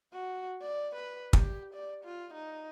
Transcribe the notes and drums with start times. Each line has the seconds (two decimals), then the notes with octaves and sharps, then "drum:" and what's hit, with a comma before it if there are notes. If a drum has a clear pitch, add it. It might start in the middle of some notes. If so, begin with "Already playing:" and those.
0.13 F#4
0.62 D5
0.96 B4
1.33 G4, drum: kick
1.74 D5
2.04 F4
2.34 D#4